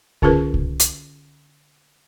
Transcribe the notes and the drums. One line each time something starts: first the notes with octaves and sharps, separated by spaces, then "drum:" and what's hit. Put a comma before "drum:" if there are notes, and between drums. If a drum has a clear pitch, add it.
D3 C#4 F4 G#4 A#4 B4, drum: kick C2
drum: kick C2
drum: hi-hat